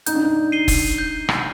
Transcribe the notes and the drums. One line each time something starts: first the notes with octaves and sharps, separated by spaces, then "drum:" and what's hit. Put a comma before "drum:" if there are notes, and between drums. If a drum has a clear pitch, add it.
D#4 G6, drum: hi-hat
D4
D#4
C7 D#7 G7
drum: kick, open hi-hat
G6
drum: rim click